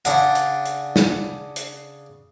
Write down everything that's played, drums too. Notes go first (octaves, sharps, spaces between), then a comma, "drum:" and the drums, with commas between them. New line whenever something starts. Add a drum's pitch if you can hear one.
C#3 D4 F#5, drum: hi-hat
drum: hi-hat
drum: hi-hat
drum: snare
drum: hi-hat